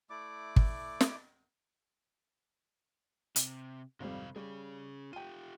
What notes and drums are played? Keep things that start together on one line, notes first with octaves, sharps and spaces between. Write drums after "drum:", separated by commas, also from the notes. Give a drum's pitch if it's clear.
A3 E4 D5 D6
drum: kick
drum: snare
C3, drum: hi-hat
G#1 F2 C3 G3 F5
G3 C#4 G#4
F4 G4 G5 D#7